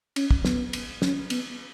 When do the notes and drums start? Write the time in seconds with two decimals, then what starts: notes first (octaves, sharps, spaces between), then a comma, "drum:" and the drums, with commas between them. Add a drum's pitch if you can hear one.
0.16 C#4, drum: cymbal
0.31 drum: kick
0.45 B3, drum: snare
0.73 drum: cymbal
1.02 C#4, drum: snare
1.30 B3, drum: cymbal